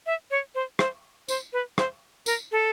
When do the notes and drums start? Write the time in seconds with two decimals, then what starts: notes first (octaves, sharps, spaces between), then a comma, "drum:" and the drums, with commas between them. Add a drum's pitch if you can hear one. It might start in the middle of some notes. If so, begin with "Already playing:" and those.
0.06 E5
0.31 C#5
0.55 C5
0.79 C5, drum: rim click
1.28 C5, drum: tambourine
1.53 B4
1.78 C5, drum: rim click
2.26 A#4, drum: tambourine
2.52 A4